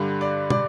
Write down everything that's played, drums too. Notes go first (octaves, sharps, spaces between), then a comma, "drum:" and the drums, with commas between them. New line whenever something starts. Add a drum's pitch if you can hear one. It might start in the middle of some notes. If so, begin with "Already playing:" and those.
Already playing: G2 D3 G3
D5
D5, drum: tom